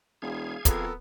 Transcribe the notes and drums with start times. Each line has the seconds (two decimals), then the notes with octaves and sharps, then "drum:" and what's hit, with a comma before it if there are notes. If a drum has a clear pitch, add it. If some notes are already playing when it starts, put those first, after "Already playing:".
0.22 E1 G#4 F5 G#6
0.65 F2 B3 A4 A#4, drum: kick, hi-hat